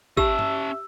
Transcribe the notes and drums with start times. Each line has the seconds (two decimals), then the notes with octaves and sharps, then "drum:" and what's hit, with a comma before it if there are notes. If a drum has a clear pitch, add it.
0.17 C#4 G4 E5 A5 E6, drum: kick
0.39 drum: tom G2